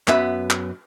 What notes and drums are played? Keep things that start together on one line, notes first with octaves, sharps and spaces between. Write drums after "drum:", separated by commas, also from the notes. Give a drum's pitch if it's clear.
F#2 B3 E5 B5, drum: clap
drum: clap